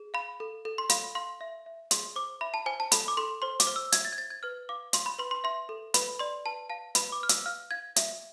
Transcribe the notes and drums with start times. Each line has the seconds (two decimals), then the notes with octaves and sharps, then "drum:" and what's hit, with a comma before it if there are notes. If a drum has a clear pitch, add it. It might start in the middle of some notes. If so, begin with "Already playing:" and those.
Already playing: G#4
0.14 F5 B5
0.40 A4
0.65 A4
0.78 C6
0.90 F5 B5, drum: hi-hat
1.15 F5 C6
1.41 E5
1.66 E5
1.91 G#4 C6, drum: hi-hat
2.16 C5 D6
2.41 E5 B5
2.54 A5
2.66 C5 G#5
2.80 A5
2.92 A4 B5, drum: hi-hat
3.08 D6
3.17 A4 C6
3.42 C5 C6
3.60 D6, drum: hi-hat
3.67 C5
3.76 E6
3.92 E5 G#6, drum: hi-hat
4.05 A6
4.13 G#6
4.18 C5 A6
4.30 G#6
4.43 B4 F6
4.69 F5 D6
4.93 F5 C6, drum: hi-hat
5.06 B5
5.19 B4 C6
5.31 C6
5.44 E5 C6
5.69 A4
5.94 B4 B5, drum: hi-hat
6.19 D5 C6
6.46 B4 A5
6.70 F5 A5
6.95 B4 B5, drum: hi-hat
7.12 D6
7.21 B4 F6
7.29 E6, drum: hi-hat
7.46 F5 F6
7.71 F5 G#6
7.96 E5, drum: hi-hat